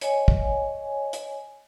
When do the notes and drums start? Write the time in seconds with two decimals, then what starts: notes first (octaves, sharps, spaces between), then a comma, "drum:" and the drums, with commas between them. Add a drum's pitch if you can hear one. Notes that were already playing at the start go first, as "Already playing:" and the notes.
0.01 C#5 D#5 G#5, drum: hi-hat
0.28 drum: kick
1.13 drum: hi-hat